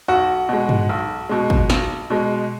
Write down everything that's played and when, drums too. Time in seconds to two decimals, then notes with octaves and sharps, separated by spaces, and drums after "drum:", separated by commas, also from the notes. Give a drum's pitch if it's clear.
0.08 B1 F#4
0.49 B2 G#3
0.69 drum: tom G2
0.89 B1
1.29 B2 G#3
1.50 drum: kick
1.70 B1, drum: snare
2.10 B2 G#3